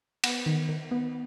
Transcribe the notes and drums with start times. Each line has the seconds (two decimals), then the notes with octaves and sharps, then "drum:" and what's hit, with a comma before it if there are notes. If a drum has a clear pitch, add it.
0.24 B3, drum: cymbal
0.46 D#3
0.69 D#3
0.91 B3